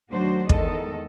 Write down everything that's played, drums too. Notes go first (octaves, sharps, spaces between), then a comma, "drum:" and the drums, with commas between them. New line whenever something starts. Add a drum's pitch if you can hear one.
D2 D#3 F#3 D4 F#4 C5
E2 D#3 G#3 A4 D#5, drum: kick